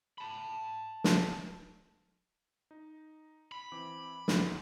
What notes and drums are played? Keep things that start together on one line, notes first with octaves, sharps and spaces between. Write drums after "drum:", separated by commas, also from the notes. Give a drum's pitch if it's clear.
A5 B5
drum: snare
D#4
B5
E3 C4 D6
F#2 D3 D#3, drum: snare